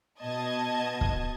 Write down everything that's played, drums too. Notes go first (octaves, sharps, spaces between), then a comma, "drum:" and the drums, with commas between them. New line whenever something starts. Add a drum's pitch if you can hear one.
B2 D#5 A5 G#6
drum: kick